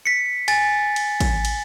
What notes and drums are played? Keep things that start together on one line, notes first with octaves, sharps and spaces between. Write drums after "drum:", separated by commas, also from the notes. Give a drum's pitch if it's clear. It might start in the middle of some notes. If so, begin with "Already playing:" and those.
B6 C#7
G#5 A6, drum: cymbal
drum: cymbal
drum: kick, cymbal
drum: cymbal